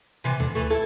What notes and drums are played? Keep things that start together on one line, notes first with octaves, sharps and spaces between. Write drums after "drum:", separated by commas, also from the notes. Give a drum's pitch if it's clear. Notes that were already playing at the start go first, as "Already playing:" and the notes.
C3 E3
D3, drum: tom D2
E3 A3
E4 A4